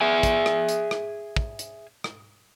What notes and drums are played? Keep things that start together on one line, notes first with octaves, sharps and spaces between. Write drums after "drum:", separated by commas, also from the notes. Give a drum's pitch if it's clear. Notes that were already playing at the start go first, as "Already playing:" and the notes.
G#4 E5 G#5
drum: kick, hi-hat
drum: rim click
drum: hi-hat
drum: rim click
drum: kick
drum: hi-hat
drum: rim click